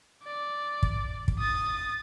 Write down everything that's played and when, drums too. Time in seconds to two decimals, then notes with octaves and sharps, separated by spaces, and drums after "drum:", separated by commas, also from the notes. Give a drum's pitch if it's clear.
0.24 D5
0.83 drum: kick
1.28 drum: kick
1.38 D#6 A6